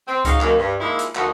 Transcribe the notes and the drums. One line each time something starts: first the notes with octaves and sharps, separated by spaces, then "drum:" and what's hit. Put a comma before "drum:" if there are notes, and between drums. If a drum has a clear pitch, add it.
C4
D#4 F#4 G#4 C#5 F5, drum: kick C#2, hi-hat
F#2 D#3 A#3, drum: clap
G2
F3 G#3 A#3 D#4 E4
drum: hi-hat
D2 F3 D#4 F#4 A#4 F#5, drum: clap